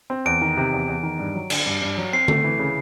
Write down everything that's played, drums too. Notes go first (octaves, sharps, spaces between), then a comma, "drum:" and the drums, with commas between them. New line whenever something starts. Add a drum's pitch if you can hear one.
C4
E2 D7
D#3
C3
E2
E2
D#3
G2
F#3
D3, drum: cymbal
G2
G2
F#3
C4 C7
A3, drum: tom D3
E3
C#3